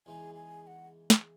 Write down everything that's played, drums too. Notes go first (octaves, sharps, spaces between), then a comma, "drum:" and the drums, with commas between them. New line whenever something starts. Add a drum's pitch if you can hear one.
E2 C#3 E3 G#3 D#4 G#5
G#5
G#5
F#5
drum: snare